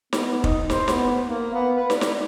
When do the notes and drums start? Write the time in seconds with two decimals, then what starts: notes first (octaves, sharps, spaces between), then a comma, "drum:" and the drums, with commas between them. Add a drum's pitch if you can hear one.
0.13 B3, drum: snare
0.44 D#4, drum: kick
0.70 C5, drum: snare
0.88 B3, drum: snare
1.25 A#3
1.53 B3
1.76 B4
1.90 D4, drum: snare
2.01 drum: snare